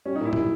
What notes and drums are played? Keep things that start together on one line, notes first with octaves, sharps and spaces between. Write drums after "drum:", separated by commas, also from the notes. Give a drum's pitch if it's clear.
G3 C#4
D#4
A#2 E4
drum: tom A#2